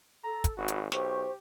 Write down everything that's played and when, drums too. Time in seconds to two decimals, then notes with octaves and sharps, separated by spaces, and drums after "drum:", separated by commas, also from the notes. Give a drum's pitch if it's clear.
0.24 A4 A#5
0.44 drum: kick, hi-hat
0.57 G#1 F#4 B5
0.68 drum: hi-hat
0.92 B1 G4 C5 C#6, drum: snare